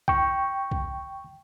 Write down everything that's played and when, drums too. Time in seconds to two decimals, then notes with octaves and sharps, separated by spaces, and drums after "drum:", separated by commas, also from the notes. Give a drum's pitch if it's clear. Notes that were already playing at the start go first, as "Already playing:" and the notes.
0.08 G5 C#6, drum: kick
0.71 drum: kick